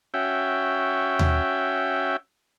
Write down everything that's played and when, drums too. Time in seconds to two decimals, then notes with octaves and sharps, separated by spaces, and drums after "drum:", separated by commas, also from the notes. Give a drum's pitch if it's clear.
0.14 C#4 F#4 E5 G5
1.19 drum: tom D#2